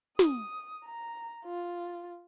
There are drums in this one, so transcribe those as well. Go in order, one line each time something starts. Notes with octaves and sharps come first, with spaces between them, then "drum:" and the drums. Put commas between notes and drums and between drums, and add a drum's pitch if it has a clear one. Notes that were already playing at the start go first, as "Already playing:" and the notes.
D#6, drum: snare
A#5
F4